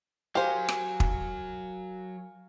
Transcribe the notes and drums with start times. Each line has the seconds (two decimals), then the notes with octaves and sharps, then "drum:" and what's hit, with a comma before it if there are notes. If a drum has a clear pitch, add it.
0.35 F#3 G4 A#4 C5 F5 G#5
0.69 drum: rim click
1.00 drum: kick